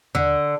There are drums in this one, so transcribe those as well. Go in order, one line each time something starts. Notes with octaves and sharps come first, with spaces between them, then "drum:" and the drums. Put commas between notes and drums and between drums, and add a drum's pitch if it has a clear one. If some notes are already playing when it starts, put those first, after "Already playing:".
D3, drum: tom D#2